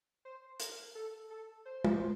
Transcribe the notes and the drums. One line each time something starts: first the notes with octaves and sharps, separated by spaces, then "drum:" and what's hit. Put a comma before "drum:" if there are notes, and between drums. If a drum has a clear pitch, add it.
C5
A#4, drum: hi-hat
A4
A4
C5
drum: tom